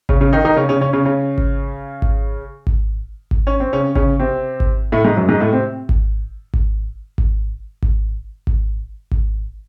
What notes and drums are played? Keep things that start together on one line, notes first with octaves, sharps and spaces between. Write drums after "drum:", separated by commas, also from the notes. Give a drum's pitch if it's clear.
C#3 C#4, drum: kick G#1
C#3 C#4
D#3 D#4
D#3 D#4
C#3 C#4
C#3 C#4
C#3 C#4
C#3 C#4
C#3 C#4
drum: kick G#1
drum: kick G#1
drum: kick G#1
drum: kick G#1
C#4
C4
C#3 C#4
C#3 C#4, drum: kick G#1
C3 C4
drum: kick G#1
A2 A3
G#2 G#3
F#2 F#3
G#2 G#3
A2 A3
C3 C4
drum: kick G#1
drum: kick G#1
drum: kick G#1
drum: kick G#1
drum: kick G#1
drum: kick G#1